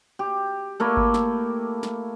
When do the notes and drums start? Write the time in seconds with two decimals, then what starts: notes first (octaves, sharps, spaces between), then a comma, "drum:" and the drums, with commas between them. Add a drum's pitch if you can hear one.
0.19 G4
0.80 A3 A#3 E4
0.97 drum: kick G1
1.14 drum: snare
1.83 drum: snare